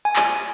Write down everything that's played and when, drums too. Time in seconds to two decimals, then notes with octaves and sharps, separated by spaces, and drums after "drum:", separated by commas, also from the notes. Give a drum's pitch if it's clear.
0.05 G#5
0.16 drum: clap